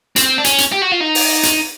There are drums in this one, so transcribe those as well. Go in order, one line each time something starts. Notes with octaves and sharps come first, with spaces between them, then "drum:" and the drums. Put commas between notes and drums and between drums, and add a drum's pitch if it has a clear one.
C4, drum: hi-hat
D4
C#4, drum: hi-hat
drum: hi-hat
G4
F#4
F4
D#4
drum: open hi-hat
drum: hi-hat